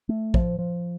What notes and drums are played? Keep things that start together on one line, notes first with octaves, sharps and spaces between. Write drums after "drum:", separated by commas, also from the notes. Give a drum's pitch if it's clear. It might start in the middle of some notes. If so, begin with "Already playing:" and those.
A3
F3, drum: kick A#1
F3